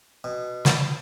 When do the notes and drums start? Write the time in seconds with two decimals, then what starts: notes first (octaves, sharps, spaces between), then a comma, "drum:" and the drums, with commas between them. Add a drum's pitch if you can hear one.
0.24 B2
0.65 drum: snare